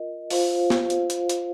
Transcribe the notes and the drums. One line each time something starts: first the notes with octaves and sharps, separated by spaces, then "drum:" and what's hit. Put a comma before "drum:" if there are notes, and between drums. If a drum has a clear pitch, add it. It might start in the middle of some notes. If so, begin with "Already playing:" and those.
Already playing: F4 A#4 D#5
F4 C5 F5, drum: open hi-hat
drum: snare
drum: hi-hat
drum: hi-hat
drum: hi-hat